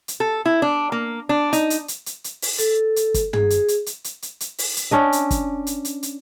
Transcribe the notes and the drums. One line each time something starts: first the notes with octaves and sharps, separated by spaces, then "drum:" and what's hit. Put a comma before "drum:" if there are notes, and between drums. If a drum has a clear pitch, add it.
drum: hi-hat
A4
E4
D4
A#3
D4
D#4, drum: hi-hat
drum: hi-hat
drum: hi-hat
drum: hi-hat
drum: hi-hat
drum: open hi-hat
A4, drum: hi-hat
drum: hi-hat
drum: kick, hi-hat
G#4, drum: tom
drum: hi-hat
drum: hi-hat
drum: hi-hat
drum: hi-hat
drum: hi-hat
drum: hi-hat
drum: open hi-hat
drum: hi-hat
C#4 D4 D#5
drum: hi-hat
drum: kick, hi-hat
drum: hi-hat
drum: hi-hat
drum: hi-hat